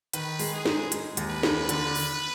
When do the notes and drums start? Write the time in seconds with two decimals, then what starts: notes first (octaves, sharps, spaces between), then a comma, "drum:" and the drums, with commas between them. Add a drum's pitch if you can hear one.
0.14 D#3 B4, drum: hi-hat
0.39 G#3, drum: open hi-hat
0.53 G#4
0.65 G#2, drum: snare
0.92 G#3, drum: hi-hat
1.17 D#2, drum: hi-hat
1.30 B4
1.43 D#2, drum: snare
1.69 D3, drum: hi-hat
1.95 drum: open hi-hat